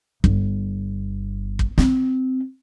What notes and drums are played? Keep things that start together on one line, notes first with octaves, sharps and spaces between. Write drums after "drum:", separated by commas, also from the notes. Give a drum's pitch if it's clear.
G1, drum: kick
drum: kick
C4, drum: snare